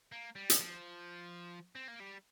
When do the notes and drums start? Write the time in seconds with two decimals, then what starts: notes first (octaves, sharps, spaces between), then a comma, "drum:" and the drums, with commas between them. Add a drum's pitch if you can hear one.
0.12 A#3
0.36 G3
0.50 drum: hi-hat
0.59 F3
1.76 C4
1.88 A#3
2.00 G3